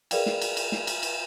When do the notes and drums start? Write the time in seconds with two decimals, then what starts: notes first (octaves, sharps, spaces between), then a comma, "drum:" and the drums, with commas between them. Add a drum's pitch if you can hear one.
0.11 G#4 A#4 B4 D5 F5 G5, drum: cymbal
0.26 drum: snare
0.42 drum: cymbal
0.57 drum: cymbal
0.72 drum: snare
0.87 drum: cymbal
1.03 drum: cymbal